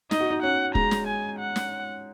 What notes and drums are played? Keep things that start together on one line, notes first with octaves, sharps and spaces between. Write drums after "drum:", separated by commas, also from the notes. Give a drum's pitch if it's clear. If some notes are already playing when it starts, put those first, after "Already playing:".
D#4 D#5, drum: snare
F#4
D#4
C#4 F#5
G#3 A#5, drum: kick
drum: snare
G#5
F#5
drum: snare